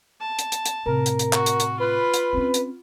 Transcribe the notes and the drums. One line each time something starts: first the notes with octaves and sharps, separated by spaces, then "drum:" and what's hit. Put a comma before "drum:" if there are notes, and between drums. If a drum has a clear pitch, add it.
A5
drum: hi-hat
drum: hi-hat
drum: hi-hat
A2 C3 A#4
drum: hi-hat
drum: hi-hat
F#4, drum: clap
drum: hi-hat
drum: hi-hat
F4 B4 B5
drum: hi-hat
C4 C#4
drum: hi-hat